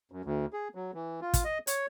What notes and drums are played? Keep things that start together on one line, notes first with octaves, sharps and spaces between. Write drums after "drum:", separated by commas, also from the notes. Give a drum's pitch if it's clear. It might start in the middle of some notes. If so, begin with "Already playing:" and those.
F#2
D2
G#4
F#3
E3
F4
drum: kick, hi-hat
D#5
C#5, drum: hi-hat